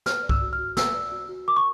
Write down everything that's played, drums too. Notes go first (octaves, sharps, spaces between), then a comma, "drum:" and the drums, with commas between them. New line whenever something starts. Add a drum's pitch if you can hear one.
B4 F6, drum: snare
D5
E6, drum: kick C2
F#4
F6
F#4
B4 E6, drum: snare
D5
F#4
F#4
A#4 D6
C#6